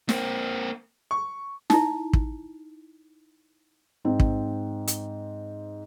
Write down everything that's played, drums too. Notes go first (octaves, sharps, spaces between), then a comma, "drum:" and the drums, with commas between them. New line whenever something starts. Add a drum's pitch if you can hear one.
A#3 C4, drum: snare
C#6
D#4 E4, drum: snare
drum: kick
G#2 C4
drum: kick
drum: hi-hat